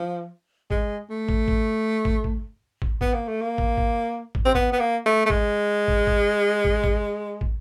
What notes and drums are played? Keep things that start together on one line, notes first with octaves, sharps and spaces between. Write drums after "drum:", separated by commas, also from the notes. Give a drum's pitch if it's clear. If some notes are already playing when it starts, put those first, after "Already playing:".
Already playing: F3
G#3, drum: kick
A3
drum: kick
drum: kick
drum: kick
drum: kick
drum: kick
B3, drum: kick
A#3
A3
A#3
drum: kick
drum: kick
drum: kick
C4
B3, drum: kick
B3
A#3
A3
A3
G#3, drum: kick
drum: kick
drum: kick
drum: kick
drum: kick
drum: kick